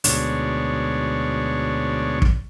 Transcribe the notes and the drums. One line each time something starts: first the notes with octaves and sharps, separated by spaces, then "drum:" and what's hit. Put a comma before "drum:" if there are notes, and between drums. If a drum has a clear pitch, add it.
D2 G#2 B2 D4 C#5, drum: hi-hat
drum: kick